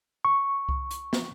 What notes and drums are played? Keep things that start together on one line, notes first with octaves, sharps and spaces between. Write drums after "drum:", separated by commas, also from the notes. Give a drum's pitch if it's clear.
C#6
drum: kick C2
drum: hi-hat
drum: snare